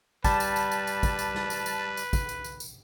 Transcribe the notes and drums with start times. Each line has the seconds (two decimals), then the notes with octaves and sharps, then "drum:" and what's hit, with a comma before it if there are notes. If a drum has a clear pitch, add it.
0.24 G3 B4 A5, drum: kick, tambourine
0.40 drum: tambourine
0.56 drum: tambourine
0.72 drum: tambourine
0.87 drum: tambourine
1.03 drum: kick, tambourine
1.19 drum: tambourine
1.34 drum: snare
1.50 drum: tambourine
1.66 drum: tambourine
1.97 drum: tambourine
2.13 drum: kick, tambourine
2.29 drum: tambourine
2.44 drum: tambourine
2.60 drum: tambourine